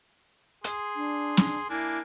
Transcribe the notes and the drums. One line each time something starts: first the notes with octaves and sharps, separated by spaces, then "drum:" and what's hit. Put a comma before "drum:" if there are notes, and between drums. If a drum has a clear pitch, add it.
G#4 C6, drum: hi-hat
D4
drum: snare
A#3 D4 E4 G#5